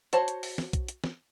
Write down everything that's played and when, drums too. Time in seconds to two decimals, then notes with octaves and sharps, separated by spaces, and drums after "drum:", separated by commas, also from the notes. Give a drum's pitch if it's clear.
0.13 F#4 C5 C#5 A5, drum: hi-hat
0.28 drum: hi-hat
0.43 drum: open hi-hat
0.58 drum: snare
0.73 drum: kick, hi-hat
0.88 drum: hi-hat
1.04 drum: snare